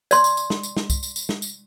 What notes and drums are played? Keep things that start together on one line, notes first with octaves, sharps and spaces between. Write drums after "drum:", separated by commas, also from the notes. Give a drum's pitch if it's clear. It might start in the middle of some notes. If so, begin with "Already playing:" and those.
D5 C6, drum: tambourine
drum: tambourine
drum: tambourine
drum: snare
drum: tambourine
drum: snare
drum: kick, tambourine
drum: tambourine
drum: tambourine
drum: snare
drum: tambourine